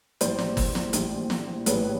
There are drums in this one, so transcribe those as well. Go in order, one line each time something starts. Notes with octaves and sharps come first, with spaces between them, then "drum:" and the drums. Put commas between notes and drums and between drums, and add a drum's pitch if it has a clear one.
A#1 A2 E3 G3 C5 D5, drum: hi-hat
drum: snare
drum: kick G1, open hi-hat
drum: snare
A#1 A2 E3 G3, drum: hi-hat
drum: snare
A#1 A2 E3 G3 B4 C#5, drum: hi-hat